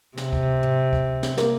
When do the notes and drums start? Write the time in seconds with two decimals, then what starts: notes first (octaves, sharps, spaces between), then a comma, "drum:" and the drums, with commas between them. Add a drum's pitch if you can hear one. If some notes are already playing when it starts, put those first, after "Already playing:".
0.18 C3, drum: snare
0.33 drum: kick
0.63 drum: tom
0.93 drum: kick
1.23 drum: snare
1.37 A#3 A#4, drum: snare